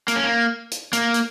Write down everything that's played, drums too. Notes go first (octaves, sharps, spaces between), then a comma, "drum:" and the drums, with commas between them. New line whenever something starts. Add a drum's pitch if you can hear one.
A#3, drum: hi-hat
C#4
A#3
drum: hi-hat
A#3, drum: hi-hat
drum: hi-hat